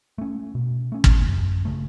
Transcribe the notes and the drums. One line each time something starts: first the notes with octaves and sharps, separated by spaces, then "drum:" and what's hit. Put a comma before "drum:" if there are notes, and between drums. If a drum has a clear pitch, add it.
A3 C#4
B2
A3 C#4
drum: kick
F#2
C#3 A3